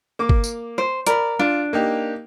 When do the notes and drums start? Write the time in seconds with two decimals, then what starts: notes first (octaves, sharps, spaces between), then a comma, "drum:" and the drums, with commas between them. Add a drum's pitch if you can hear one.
0.19 A#3 D6
0.29 drum: kick G#1
0.44 drum: tambourine
0.78 C5
1.07 A#4 D5 B5, drum: hi-hat
1.39 D4 F4
1.73 A#3 D#4 G4